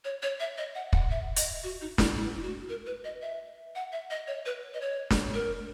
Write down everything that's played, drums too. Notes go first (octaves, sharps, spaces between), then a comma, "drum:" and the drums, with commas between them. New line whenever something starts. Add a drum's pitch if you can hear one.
C#5
C#5
E5
D#5
F#5
F#5, drum: kick
E5
D#5, drum: hi-hat
F#4
D#4
E4, drum: snare
E4
E4
F#4
A#4
B4
D#5
E5
F#5
E5
D#5
C#5
B4
D#5
C#5
drum: snare
A#4